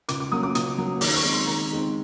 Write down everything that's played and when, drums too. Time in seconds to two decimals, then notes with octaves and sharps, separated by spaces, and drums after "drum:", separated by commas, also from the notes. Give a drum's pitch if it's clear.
0.09 C#2 D6, drum: hi-hat
0.20 D6
0.32 C#3 F#3 A#3 D#6
0.43 D6
0.55 C#2 D#6, drum: hi-hat
0.78 C#3 F#3 A#3
1.01 D#2 D6, drum: open hi-hat
1.16 C#6
1.24 D#3 G#3 C4
1.32 C6
1.47 D#2 A#5
1.70 D#3 G#3 C4